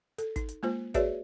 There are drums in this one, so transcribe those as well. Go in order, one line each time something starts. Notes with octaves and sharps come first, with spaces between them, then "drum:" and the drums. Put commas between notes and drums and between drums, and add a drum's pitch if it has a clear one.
A4, drum: hi-hat
D#4, drum: kick, hi-hat
drum: hi-hat
G#3 A#3 F4 C5
F#4 G#4 B4 C#5 D5 E5, drum: kick, hi-hat